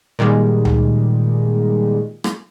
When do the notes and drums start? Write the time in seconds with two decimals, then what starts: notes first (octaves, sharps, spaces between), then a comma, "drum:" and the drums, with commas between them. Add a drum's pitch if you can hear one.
0.19 A#2 D#3 G3 G#3
0.65 drum: tom C#2
2.24 drum: rim click